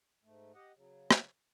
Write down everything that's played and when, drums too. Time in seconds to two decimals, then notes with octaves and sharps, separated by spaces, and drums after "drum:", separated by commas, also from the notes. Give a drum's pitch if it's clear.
0.24 G#2 A3
0.55 G4 D#5 F#5
0.76 C#3 F#3
1.11 drum: rim click